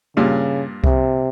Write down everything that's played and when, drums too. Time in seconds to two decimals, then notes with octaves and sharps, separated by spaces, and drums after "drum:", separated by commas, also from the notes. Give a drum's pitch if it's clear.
0.17 G2 A#2 C#3
0.84 C3, drum: kick C2